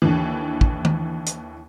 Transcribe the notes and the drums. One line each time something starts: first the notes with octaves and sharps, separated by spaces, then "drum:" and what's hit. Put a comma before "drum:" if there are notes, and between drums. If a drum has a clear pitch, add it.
D#2 D3 E3
drum: kick
drum: tom D#3
drum: hi-hat